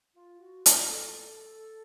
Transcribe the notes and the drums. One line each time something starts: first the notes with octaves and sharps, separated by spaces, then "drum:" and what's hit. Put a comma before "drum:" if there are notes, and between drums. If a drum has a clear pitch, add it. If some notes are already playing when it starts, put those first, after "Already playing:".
F4
F#4
F#4, drum: hi-hat
A4